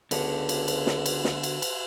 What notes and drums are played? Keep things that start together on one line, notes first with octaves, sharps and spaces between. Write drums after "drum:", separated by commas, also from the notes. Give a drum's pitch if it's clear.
C#2 D3 B3 D4, drum: cymbal
drum: cymbal
drum: cymbal
drum: snare
drum: cymbal
drum: snare
drum: cymbal
drum: cymbal